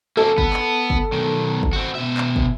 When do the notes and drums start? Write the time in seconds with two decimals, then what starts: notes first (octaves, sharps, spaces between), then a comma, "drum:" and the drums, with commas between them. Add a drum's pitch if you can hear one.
0.17 A#3 C#4 A4
0.38 B3, drum: kick
0.54 drum: clap
0.90 drum: kick
1.12 B1 D#3
1.63 drum: kick
1.73 C4 F#4
1.95 B2 E5
2.18 drum: clap
2.36 drum: kick